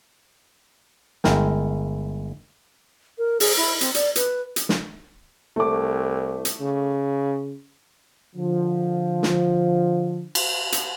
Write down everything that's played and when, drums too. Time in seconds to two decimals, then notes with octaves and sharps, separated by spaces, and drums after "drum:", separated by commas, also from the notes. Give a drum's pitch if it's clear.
1.24 G1 G#3 E4 A#4 G5, drum: snare
3.18 A#4
3.40 G#4, drum: open hi-hat
3.56 E4
3.81 C4, drum: hi-hat
3.94 D5, drum: hi-hat
4.16 B4, drum: hi-hat
4.56 drum: hi-hat
4.69 drum: snare
5.56 C2 A3 D6
6.45 drum: hi-hat
6.61 C#3
8.36 D3 F3
9.23 drum: snare
10.35 drum: cymbal
10.72 drum: hi-hat